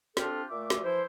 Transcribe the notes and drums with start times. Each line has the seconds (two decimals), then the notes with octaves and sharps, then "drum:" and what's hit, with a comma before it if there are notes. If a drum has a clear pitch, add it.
0.17 C4 D4 F4 G4 A4, drum: snare
0.50 A#2 A3 E5 D6
0.70 drum: snare
0.83 E3 F3 E4 C5